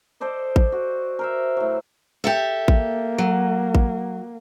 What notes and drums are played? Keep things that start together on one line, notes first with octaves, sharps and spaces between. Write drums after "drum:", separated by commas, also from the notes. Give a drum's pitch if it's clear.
A4 C5 D5 D#5
drum: kick A1
F#4
A#4 C5 E5
A2 F#3
G4 A4 E5
A#3, drum: kick A1
F#3
drum: kick A1